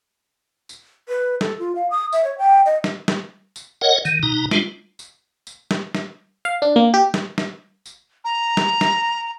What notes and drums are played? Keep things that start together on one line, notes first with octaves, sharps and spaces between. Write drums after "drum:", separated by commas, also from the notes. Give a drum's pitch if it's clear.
drum: tambourine
B4
A4, drum: snare
F4
F5
D#6
E5, drum: tambourine
C#5
G5
D#5
drum: snare
drum: snare
drum: tambourine
A#4 C#5 D#5 F#5
D#3, drum: tambourine
B2 D#4 A#5
G3 G#3 D4 F4, drum: snare
drum: tambourine
drum: tambourine
drum: snare
drum: snare
F5
D4
A#3
G4
drum: snare
drum: snare
drum: tambourine
A#5
drum: snare
drum: snare